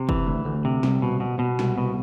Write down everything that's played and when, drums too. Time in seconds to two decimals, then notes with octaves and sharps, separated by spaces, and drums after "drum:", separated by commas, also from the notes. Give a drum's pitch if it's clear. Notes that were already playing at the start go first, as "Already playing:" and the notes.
Already playing: C3
0.09 E3, drum: kick
0.27 D2
0.45 D2
0.65 C3
0.83 C2, drum: snare
1.02 B2
1.20 B2
1.39 B2
1.59 C2, drum: snare
1.78 B2